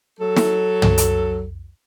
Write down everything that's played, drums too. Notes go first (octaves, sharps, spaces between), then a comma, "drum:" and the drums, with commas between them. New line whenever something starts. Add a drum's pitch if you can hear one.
F#3 A4
drum: snare
drum: tom
drum: hi-hat